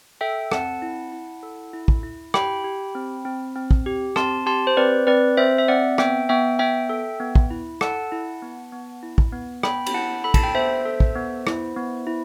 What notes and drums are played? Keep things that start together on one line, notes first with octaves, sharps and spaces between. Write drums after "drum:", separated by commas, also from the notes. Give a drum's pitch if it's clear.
A4 E5 G5
C4 F#5 A5, drum: rim click
E4
E4
A4
E4
drum: kick
E4
G4 G5 B5, drum: rim click
G4
C4
C4
C4
drum: kick
G4
C4 A5 C6, drum: rim click
G4 A5 C6
C5
C4 B4 D5
C4 B4 D5
C4 C5 E5
E5
C4 D5 F#5
B3 E5 G5, drum: rim click
B3 E5 G5
B3 E5 G5
A4
B3
drum: kick
E4
A4 F#5 A5, drum: rim click
E4
B3
B3
E4
drum: kick
B3
B3 G5 B5, drum: rim click
B5, drum: cymbal
E4 F#5 A5
A4 B5
A5, drum: kick, cymbal
G5 B5
B3 C5 E5
A4
drum: kick
B3
E4, drum: rim click
B3
E4